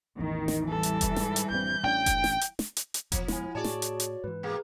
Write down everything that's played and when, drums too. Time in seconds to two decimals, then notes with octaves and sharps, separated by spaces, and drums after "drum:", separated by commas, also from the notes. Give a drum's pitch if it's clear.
0.19 A1 E2 D#3
0.48 drum: snare
0.69 E3 G3 A4
0.83 drum: hi-hat
1.01 drum: kick F1, hi-hat
1.16 G#2, drum: snare
1.36 drum: hi-hat
1.50 A#1 G2 C4 G6
1.84 A1 C#4 D4 G5
2.06 drum: kick F1, hi-hat
2.24 drum: snare
2.41 drum: hi-hat
2.59 drum: snare
2.77 drum: hi-hat
2.94 drum: hi-hat
3.12 E1 A#1 E2 F3, drum: kick F1, hi-hat
3.28 D#1 G#3 B3 E4 G#5, drum: snare
3.55 A2 F#4 G#4 C#5 D5 A5
3.64 drum: snare
3.82 drum: hi-hat
4.00 drum: hi-hat
4.24 G#2 E3 B4
4.43 B2 A#3 G#4